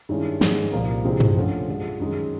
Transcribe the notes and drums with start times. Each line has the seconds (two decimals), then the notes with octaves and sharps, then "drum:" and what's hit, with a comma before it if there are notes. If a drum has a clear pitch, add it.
0.09 G2 D#3 G#3 C#4 E4
0.41 G#2 D#3 G#3 C#4, drum: snare
0.72 C2 A#2 F3 A#3
1.04 C3 E3 G#3 C4 F4
1.20 drum: tom
1.36 D3 F3 A3 C#4 F4
1.68 G2 D3 F3 G#3
2.00 F#2 D#3 G#3